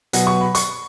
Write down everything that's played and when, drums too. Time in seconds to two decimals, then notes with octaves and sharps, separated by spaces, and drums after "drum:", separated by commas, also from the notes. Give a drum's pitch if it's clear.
0.13 B2 F#3 B3, drum: hi-hat
0.27 C#6
0.41 B5
0.55 C#6, drum: hi-hat